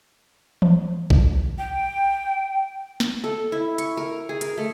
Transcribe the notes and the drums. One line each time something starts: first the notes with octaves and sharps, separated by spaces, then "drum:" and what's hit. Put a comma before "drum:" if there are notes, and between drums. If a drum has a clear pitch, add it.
drum: tom E3
drum: kick A#1
G5
drum: snare
A4
E4
C#6, drum: hi-hat
A#4
G#4
A#4, drum: hi-hat
A3